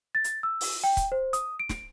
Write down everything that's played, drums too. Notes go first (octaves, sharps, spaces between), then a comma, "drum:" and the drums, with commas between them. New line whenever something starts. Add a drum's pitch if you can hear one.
A6
drum: hi-hat
E6
drum: open hi-hat
G5
drum: kick C#1, hi-hat
C5
D#6, drum: hi-hat
D7
drum: snare